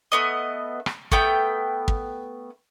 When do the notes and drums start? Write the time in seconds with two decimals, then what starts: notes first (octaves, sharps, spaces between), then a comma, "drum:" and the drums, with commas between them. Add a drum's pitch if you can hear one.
0.12 A3 B3 D#5
0.86 drum: rim click
1.12 A3 B3 G5, drum: kick
1.88 drum: kick